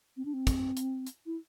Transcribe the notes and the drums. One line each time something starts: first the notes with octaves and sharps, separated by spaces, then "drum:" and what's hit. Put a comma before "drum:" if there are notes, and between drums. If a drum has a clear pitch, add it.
C4
D4
C4
drum: kick, hi-hat
drum: hi-hat
drum: hi-hat
E4